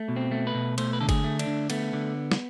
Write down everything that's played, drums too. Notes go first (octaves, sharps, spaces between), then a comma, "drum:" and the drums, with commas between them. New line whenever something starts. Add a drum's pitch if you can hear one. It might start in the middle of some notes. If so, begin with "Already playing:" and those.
Already playing: A3
B2
C4
A3
B4
B2
A3 C5, drum: cymbal
B4
D3 A4
G#4, drum: kick G1, cymbal
A3
D4, drum: cymbal
D3
A3 B3, drum: cymbal
D3
drum: snare